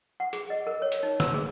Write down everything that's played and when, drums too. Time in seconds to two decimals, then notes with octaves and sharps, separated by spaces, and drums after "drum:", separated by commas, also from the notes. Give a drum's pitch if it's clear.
0.20 F#5
0.33 G#4, drum: hi-hat
0.50 D#5
0.67 A#4
0.82 C#5
0.92 drum: hi-hat
1.03 D#4
1.20 E6, drum: snare
1.34 G#4